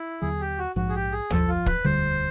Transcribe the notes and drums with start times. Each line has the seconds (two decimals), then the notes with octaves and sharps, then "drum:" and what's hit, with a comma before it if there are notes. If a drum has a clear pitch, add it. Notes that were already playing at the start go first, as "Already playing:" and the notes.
Already playing: E4
0.22 D#2 D3 F#3 G#4
0.40 G4
0.58 F#4
0.76 A#1 G#2 F3 F#4
0.89 G#4
0.95 G4
1.12 G#4
1.30 G1 F2 D3 F3 A4, drum: tom
1.48 F4
1.66 B4, drum: kick
1.84 E1 D2 D3 G3 C5